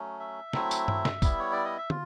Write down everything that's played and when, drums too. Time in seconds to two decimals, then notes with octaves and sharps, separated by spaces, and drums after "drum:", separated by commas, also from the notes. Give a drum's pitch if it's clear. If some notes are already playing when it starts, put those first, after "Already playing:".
Already playing: F#3 A3 C#4
0.20 E5
0.53 F#3 A3 C4 E4, drum: snare
0.71 drum: tambourine
0.88 drum: tom G2
1.05 drum: snare
1.22 G3 B3 E4, drum: kick, tambourine
1.39 C#5
1.52 D5
1.65 D#5
1.78 E5
1.90 F4, drum: tom